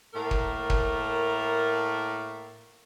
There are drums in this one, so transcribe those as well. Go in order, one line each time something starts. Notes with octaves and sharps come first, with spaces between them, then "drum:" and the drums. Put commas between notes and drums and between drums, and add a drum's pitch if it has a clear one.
A2 A3 A#3 A#4
drum: kick
drum: kick